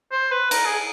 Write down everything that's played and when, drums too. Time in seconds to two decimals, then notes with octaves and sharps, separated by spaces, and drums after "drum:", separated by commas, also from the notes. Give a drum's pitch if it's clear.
0.12 C5
0.31 B4
0.51 A#4, drum: cymbal
0.65 G#4